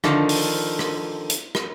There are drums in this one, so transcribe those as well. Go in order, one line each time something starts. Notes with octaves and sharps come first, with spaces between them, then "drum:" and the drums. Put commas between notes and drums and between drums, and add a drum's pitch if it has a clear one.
D3 D#3 F3, drum: rim click
drum: open hi-hat
drum: rim click
drum: hi-hat
drum: rim click